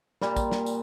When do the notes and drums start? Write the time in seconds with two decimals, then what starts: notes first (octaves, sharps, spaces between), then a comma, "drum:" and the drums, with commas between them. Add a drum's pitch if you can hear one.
0.21 A#2 G3, drum: snare
0.36 drum: kick, tambourine
0.51 drum: snare
0.66 drum: tambourine